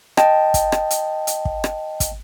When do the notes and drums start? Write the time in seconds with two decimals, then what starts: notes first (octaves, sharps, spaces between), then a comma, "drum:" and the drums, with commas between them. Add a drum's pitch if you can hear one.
0.17 D#5 G5 A5, drum: rim click
0.54 drum: kick, hi-hat
0.72 drum: rim click
0.91 drum: hi-hat
1.27 drum: hi-hat
1.45 drum: kick
1.64 drum: rim click
2.00 drum: kick, hi-hat